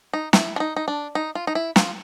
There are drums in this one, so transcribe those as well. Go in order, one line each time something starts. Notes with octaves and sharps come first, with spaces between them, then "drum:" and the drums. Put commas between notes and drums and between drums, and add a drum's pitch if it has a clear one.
D#4
E4, drum: snare
D4
D#4
D#4
D4
D#4
F4
D#4
E4
F4, drum: snare